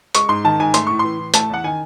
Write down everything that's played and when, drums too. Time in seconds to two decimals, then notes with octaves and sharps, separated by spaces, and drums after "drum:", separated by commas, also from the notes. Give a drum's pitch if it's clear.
0.15 G#3 C#6, drum: hi-hat
0.29 G#2 C6
0.44 D#3 A5
0.59 G#2 G#5
0.74 A3 C6, drum: hi-hat
0.87 A2 C#6
0.99 E3 C6
1.19 A2
1.34 A3 A5, drum: hi-hat
1.50 E2 F#5
1.64 D#3 G#5